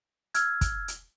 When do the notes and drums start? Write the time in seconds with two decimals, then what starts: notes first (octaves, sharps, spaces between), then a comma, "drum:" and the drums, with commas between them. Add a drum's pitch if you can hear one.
0.34 E6 F6 G#6, drum: hi-hat
0.61 drum: kick, hi-hat
0.88 drum: hi-hat